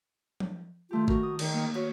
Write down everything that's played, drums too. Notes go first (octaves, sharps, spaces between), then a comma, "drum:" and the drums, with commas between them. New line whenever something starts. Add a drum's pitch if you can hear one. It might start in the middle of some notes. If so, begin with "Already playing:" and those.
drum: tom F3
D#3 A3 F4 G4
F#4 A#4, drum: kick G#1
D#6
D#3, drum: cymbal
A#3
F#4 B4 C#5